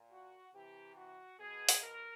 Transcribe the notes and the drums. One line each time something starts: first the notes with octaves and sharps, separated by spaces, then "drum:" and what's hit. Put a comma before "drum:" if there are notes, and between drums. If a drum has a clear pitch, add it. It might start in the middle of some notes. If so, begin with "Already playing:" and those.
Already playing: A#2
F#4
C3 E3 G4
F#4
B2 G#4
drum: open hi-hat
A#4